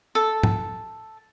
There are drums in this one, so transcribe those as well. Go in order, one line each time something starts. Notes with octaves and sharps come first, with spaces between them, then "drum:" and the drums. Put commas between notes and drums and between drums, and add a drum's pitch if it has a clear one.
A4
drum: tom G#2